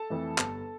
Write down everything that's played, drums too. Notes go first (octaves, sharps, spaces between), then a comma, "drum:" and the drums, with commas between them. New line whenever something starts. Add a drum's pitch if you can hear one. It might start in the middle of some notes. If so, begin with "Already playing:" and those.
Already playing: A4 A5
F2 E3 A3
G1, drum: clap